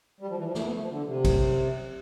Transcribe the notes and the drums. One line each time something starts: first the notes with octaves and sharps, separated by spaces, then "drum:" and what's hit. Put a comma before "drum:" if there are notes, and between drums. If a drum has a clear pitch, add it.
G3
F3
E3
F3
A3, drum: snare
B3
A3
F3
D3
C3
drum: kick, cymbal